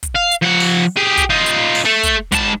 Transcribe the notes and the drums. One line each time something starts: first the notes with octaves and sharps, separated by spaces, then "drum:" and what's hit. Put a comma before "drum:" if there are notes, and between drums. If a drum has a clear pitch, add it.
drum: kick, hi-hat
F5
drum: hi-hat
F3 F#5
drum: open hi-hat
G4 G#4
drum: kick, hi-hat
D#4 F4
drum: hi-hat
drum: open hi-hat
A3 A4
drum: kick, hi-hat
G#2 A5, drum: kick, hi-hat